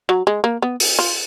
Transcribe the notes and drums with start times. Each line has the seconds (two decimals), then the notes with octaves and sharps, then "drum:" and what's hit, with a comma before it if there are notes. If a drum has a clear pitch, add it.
0.09 F#3
0.27 G#3
0.44 A#3
0.62 B3
0.80 drum: open hi-hat
0.99 F4